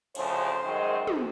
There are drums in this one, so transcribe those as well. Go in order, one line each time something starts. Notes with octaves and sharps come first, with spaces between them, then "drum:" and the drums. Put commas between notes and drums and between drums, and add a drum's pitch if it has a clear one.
D2 C#3 F3 C5, drum: cymbal
F#2 D#3 G#3
drum: tom